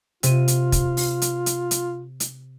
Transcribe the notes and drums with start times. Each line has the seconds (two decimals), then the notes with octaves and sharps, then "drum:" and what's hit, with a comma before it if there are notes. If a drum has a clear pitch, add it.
0.23 C3 F4 D#7, drum: hi-hat
0.48 drum: hi-hat
0.72 drum: kick, hi-hat
0.97 drum: open hi-hat
1.22 drum: hi-hat
1.46 drum: hi-hat
1.71 drum: hi-hat
2.20 drum: hi-hat